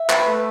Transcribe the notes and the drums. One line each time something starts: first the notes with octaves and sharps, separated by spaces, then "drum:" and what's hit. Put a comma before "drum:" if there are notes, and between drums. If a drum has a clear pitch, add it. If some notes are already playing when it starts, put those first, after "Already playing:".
Already playing: E5
B4, drum: clap
A3